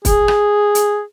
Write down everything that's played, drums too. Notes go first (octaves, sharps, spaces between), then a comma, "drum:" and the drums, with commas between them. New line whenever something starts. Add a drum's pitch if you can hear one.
G#4, drum: kick, hi-hat
drum: rim click
drum: hi-hat